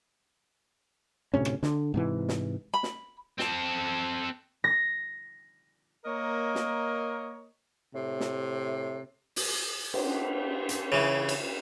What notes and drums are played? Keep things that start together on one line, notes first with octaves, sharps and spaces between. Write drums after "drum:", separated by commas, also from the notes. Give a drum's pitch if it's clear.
D2 A2 C3 C#4
drum: rim click
D3, drum: snare
G#2 C3 E3
drum: snare
B5
drum: snare
C4 A4, drum: snare
A#6
A#3 A#4 C#5 D#5
drum: snare
A2 C3
drum: snare
drum: open hi-hat
drum: cymbal
drum: hi-hat
C#3 E3
drum: cymbal